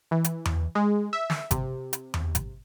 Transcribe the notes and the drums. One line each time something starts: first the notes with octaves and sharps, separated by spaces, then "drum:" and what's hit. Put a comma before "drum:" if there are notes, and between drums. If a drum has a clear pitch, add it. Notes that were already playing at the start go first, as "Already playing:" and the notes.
E3
drum: hi-hat
drum: tom E2
G#3
E5
drum: snare
C3, drum: kick G#1, hi-hat
drum: hi-hat
drum: tom E2
drum: kick G#1, hi-hat